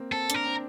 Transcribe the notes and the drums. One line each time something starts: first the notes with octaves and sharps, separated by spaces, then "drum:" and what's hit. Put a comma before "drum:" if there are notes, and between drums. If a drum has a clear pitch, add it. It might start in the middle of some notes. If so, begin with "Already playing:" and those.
Already playing: A#3 C4
C4 A4
D4 A#4, drum: hi-hat
C4